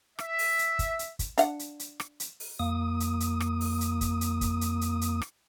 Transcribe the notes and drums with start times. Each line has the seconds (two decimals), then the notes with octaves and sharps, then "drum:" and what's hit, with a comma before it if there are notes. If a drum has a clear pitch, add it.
0.19 E5, drum: rim click
0.39 drum: open hi-hat
0.59 drum: hi-hat
0.79 drum: kick, hi-hat
0.99 drum: hi-hat
1.19 drum: kick, hi-hat
1.38 D4 F5 F#5, drum: hi-hat
1.59 drum: hi-hat
1.80 drum: hi-hat
2.00 drum: rim click
2.20 drum: hi-hat
2.40 drum: open hi-hat
2.59 F2 A#3 D#6
3.00 drum: hi-hat
3.20 drum: hi-hat
3.40 drum: rim click
3.61 drum: open hi-hat
3.81 drum: hi-hat
4.01 drum: kick, hi-hat
4.21 drum: hi-hat
4.41 drum: kick, hi-hat
4.61 drum: hi-hat
4.81 drum: hi-hat
5.01 drum: hi-hat
5.22 drum: rim click